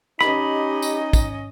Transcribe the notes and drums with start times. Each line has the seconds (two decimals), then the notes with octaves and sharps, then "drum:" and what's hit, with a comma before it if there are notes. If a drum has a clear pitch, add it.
0.21 C#4 D#4 G4 D#5 B5, drum: rim click
0.82 drum: tambourine
1.13 drum: kick, tambourine